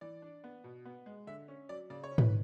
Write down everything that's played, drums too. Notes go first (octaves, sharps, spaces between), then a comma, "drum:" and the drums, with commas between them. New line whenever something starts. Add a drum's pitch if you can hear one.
E3 D5
D4
B3
B2
B3
G#3
D3 E5
C#4
F#3 D5
C#3 D5
C#5
C#4
B4, drum: tom G#2